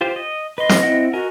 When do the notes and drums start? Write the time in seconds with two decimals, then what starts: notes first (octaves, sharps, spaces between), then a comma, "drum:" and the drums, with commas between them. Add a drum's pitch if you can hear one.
0.01 F4 G4 C5
0.16 D#5
0.58 B4 D#5 C6
0.69 drum: snare
0.83 C4 E4 F#5
1.13 F#4 A#4 D#5 G#5